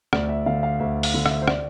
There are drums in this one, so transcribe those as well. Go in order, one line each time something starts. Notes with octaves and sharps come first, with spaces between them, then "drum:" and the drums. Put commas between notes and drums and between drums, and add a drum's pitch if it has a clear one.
D2 D5, drum: rim click
E5
D3 F5
F5
D2 E5
F5, drum: open hi-hat
D3
E5, drum: rim click
C5
D5, drum: rim click